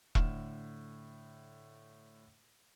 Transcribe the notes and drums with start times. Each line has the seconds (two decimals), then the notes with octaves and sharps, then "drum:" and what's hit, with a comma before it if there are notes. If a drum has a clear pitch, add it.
0.15 A2 D3 F6 E7, drum: kick E1